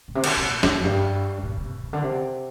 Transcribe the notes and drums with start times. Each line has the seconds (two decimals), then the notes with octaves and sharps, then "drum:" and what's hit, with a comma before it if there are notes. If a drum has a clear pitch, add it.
0.08 A#2
0.15 C3
0.24 D3, drum: cymbal
0.37 C3
0.50 A#2
0.63 F2, drum: snare
0.79 F2
0.84 G2
1.43 A#2
1.57 C3
1.83 C3
1.93 D3
2.03 C3